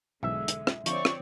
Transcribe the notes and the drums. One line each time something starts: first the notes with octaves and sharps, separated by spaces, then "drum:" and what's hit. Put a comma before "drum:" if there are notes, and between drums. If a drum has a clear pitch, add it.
B1 G#2 D3 E3 G#3 E5
drum: hi-hat
drum: rim click
D3 F3 C4 F4 C#5 D5 C#6, drum: hi-hat
drum: rim click